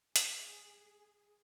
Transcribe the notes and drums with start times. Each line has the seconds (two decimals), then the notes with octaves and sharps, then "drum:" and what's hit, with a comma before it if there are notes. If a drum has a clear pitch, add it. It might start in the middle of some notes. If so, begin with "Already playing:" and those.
0.16 G#4, drum: hi-hat